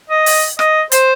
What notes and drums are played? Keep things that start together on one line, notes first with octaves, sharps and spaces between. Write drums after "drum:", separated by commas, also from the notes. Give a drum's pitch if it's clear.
D#5
drum: open hi-hat
D#5, drum: rim click
C5, drum: hi-hat